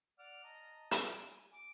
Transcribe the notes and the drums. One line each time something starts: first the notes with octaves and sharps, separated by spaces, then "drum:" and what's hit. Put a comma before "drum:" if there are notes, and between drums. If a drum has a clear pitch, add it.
D5 F#5 F6
D#5 A5 A#5
G3 D5, drum: hi-hat
G#5
D6